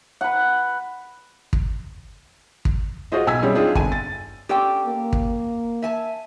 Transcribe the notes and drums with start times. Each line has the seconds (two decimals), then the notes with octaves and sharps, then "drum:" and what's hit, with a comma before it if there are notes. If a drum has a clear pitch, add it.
0.21 B4 F#5
1.53 drum: kick
2.65 drum: kick
3.12 F4 F#4 G#4 C5 D#5
3.27 B1 G#5 E6 G#6 B6
3.42 E3 G3 C4 C#4 G#4 C#5
3.55 C4 D4 D#4 F4 G#4
3.75 G1 G#5 D#7, drum: kick
3.92 A6
4.49 C#4 F4 G4 A4 D5 G5
4.86 A#3
5.13 drum: kick
5.82 E5 G#5 A5